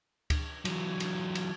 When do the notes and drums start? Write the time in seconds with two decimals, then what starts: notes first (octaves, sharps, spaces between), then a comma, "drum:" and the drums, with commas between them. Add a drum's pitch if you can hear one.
0.30 drum: kick D2, cymbal
0.65 E3 F#3, drum: cymbal
1.00 drum: cymbal
1.35 drum: cymbal